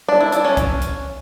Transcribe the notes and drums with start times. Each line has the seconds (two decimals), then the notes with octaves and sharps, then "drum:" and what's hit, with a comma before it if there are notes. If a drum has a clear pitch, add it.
0.09 D4
0.21 E4
0.32 D4, drum: hi-hat
0.45 C#4
0.57 drum: kick B1, hi-hat
0.82 drum: hi-hat